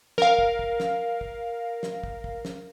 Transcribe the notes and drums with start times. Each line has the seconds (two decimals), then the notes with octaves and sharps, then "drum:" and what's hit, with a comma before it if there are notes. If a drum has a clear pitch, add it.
0.18 A#4 F5, drum: snare
0.39 drum: kick
0.59 drum: kick
0.80 drum: snare
1.21 drum: kick
1.83 drum: snare
2.03 drum: kick
2.24 drum: kick
2.45 drum: snare